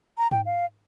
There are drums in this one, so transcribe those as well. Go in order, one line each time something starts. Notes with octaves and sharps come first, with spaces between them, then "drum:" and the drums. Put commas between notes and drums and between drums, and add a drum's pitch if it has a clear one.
A#5
G5, drum: tom G#2
F5